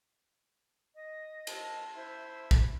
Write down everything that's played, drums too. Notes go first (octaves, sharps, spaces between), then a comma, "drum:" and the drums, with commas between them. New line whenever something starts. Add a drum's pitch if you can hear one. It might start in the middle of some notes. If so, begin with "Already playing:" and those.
D#5
C5 A5 E6, drum: cymbal
E4 C5 E5
drum: kick